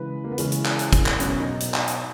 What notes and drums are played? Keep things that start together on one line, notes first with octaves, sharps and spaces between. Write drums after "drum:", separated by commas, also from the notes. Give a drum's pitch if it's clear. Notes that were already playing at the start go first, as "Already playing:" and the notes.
Already playing: C#3 E3 G#3 B4
A#3
B3
C#3 E3 G#3 C#4, drum: hi-hat
drum: hi-hat
drum: clap
drum: hi-hat
drum: kick, hi-hat
drum: clap
B2 F#3 C#4, drum: hi-hat
D#4
drum: hi-hat
drum: clap
drum: hi-hat